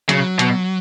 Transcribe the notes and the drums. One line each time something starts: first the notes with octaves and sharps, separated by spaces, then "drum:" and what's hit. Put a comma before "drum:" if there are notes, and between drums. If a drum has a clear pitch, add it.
C#3 F#3, drum: hi-hat
B2, drum: hi-hat